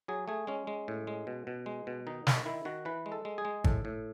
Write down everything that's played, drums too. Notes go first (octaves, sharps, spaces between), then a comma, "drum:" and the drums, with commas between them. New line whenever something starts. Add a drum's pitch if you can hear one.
F#3 G#4
A3 G#4
G#3 C#4
G#3
A2
G#3
B2
B2
G#3
B2
D#3 D#4
D#3, drum: snare
D#3 E4
D#3 F#4
E3 B4
G#3
A4
G#3
G#4
G#3
A2 A4, drum: kick G#1
A2